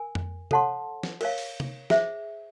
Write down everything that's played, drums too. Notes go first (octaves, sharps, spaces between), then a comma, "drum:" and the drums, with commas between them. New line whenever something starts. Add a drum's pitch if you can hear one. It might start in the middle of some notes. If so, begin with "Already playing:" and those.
Already playing: A#4 G#5
drum: tom F2
A4 C#5 F#5 A5 C6, drum: tom C3
drum: snare
A#4 C#5 F5, drum: cymbal
drum: open hi-hat
drum: tom C3
G#4 C5 E5, drum: snare